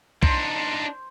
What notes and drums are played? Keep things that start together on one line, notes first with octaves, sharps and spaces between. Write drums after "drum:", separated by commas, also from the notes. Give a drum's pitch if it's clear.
D4 D#4 C5, drum: kick